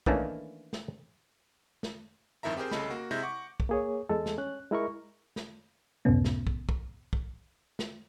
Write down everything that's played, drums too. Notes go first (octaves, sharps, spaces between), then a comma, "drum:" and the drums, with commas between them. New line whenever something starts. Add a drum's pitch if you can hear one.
D#3 E3 A3 A#3 C#4 D4, drum: kick
drum: snare
drum: snare
G1 F2 D#3 E4 E5 A#5
C4 G4 G#4 A#4 C5
C2 C#3 A4 D#5 B5, drum: snare
A#3 F#4
C3 G#3 E4 G6 A#6
F#5 C#6 D6
drum: kick
A#3 G#4 C#5
E2 G#3 A4
drum: snare
C#4 F#6
G#3 E4 A#4 C#6
drum: snare
C#2 F#2 A2 C3 B3 C#4
drum: snare
drum: kick
drum: kick
drum: kick
drum: snare